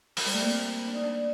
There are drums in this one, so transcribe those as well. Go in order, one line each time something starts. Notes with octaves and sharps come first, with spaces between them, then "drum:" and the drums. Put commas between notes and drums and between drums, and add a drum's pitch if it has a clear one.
F3, drum: open hi-hat
G3
A3
A#3
C4
D4
D#4
D4